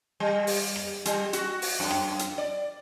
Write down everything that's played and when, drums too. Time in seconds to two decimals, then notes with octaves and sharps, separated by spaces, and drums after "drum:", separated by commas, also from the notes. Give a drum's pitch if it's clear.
0.20 G3
0.47 drum: open hi-hat
0.76 drum: rim click
1.05 G3, drum: hi-hat
1.33 F#4, drum: hi-hat
1.62 drum: open hi-hat
1.80 F#2
1.91 drum: rim click
2.19 drum: hi-hat
2.38 D5